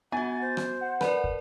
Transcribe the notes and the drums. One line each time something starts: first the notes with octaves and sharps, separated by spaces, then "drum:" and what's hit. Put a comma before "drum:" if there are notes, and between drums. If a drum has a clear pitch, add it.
B3 F#4 F#5 G#5 A6
C5
drum: rim click
F#5
A#4 B4 D5 A5, drum: rim click
drum: kick